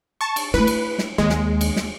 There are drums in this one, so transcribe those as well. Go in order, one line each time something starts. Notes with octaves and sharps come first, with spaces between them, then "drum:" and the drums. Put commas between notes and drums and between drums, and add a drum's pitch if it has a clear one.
A5 C#6
drum: cymbal
A3 E4 B4
drum: cymbal
drum: snare
D#2 G#3
drum: snare
drum: cymbal
drum: snare